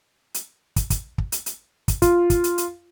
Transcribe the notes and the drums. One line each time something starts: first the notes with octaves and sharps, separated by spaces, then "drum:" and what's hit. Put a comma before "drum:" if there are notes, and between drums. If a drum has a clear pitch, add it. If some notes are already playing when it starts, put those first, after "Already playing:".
drum: hi-hat
drum: kick, hi-hat
drum: kick, hi-hat
drum: kick
drum: hi-hat
drum: hi-hat
drum: kick, hi-hat
F4, drum: kick, hi-hat
drum: kick, hi-hat
drum: hi-hat
drum: hi-hat